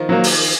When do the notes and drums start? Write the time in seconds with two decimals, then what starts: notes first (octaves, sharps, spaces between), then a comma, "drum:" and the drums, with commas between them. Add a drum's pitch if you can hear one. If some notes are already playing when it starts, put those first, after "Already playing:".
Already playing: D#3 F3
0.09 F#3 A#3
0.24 drum: open hi-hat